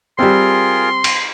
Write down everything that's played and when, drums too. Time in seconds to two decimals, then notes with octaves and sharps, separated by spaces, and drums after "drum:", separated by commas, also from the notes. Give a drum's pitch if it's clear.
0.19 G3 C4 F4 G#4 A#4 C6
1.04 drum: cymbal